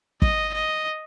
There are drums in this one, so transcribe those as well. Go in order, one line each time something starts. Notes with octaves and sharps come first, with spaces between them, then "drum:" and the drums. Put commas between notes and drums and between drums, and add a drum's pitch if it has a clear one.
D#5, drum: kick
D#5